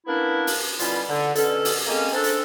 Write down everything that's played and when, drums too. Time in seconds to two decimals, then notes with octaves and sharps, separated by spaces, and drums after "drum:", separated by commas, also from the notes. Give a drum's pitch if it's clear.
0.07 A#3 B3 C#4 D4 E4
0.47 drum: open hi-hat
0.79 B2 D3 G3 C#4 E4 F4, drum: hi-hat
1.09 D3
1.35 B2 D3 C#4 A4, drum: hi-hat
1.65 drum: open hi-hat
1.87 G#3 A#3 C4 C#4
2.12 C4 D4 A4
2.24 drum: hi-hat